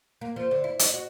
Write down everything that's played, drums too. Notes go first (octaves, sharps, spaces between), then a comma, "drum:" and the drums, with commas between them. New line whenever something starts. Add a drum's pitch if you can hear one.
A#3
F3
D3
E4
D#5, drum: hi-hat
F#4